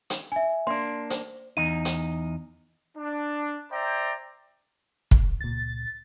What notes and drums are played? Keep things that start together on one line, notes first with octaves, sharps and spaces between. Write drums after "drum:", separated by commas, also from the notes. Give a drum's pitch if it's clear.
drum: hi-hat
E5 G#5
A#3 D4 C6
C5, drum: hi-hat
E2 D#4 D#7
drum: hi-hat
D4
C5 D5 E5 G5 A#5
drum: kick
C#2 A#2 A6